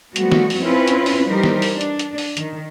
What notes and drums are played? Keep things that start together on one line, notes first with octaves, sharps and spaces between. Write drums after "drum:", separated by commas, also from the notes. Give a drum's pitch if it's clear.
F3 G3 A3 B3 F#4, drum: hi-hat
drum: snare
drum: open hi-hat
C4 C#4 E4 F4 B4
drum: hi-hat
drum: open hi-hat
E3 G3 D#4 G4 A#4 C5
drum: snare
drum: open hi-hat
D4
drum: hi-hat
drum: hi-hat
drum: open hi-hat
D#3, drum: hi-hat